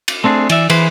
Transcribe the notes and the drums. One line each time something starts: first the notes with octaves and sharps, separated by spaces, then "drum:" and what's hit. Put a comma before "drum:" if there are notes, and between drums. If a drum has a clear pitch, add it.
drum: cymbal
A3 C4 D4 F#4 G#4
E3 D5 E5, drum: cymbal
E3 G#4 B4 C5, drum: cymbal